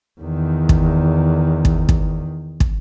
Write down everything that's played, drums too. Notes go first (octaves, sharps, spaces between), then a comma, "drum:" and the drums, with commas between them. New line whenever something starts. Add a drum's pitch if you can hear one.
E2 D#3
drum: kick
drum: kick
drum: kick
drum: kick